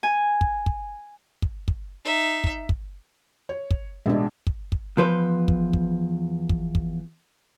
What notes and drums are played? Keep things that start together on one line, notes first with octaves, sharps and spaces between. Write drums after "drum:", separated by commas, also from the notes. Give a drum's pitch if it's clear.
G#5
drum: kick
drum: kick
drum: kick
drum: kick
D#4 E5
drum: kick
drum: kick
C#5
drum: kick
A1 B2 G#3 D4 E5
drum: kick
drum: kick
E2 F3 B4 C5
drum: kick
drum: kick
drum: kick
drum: kick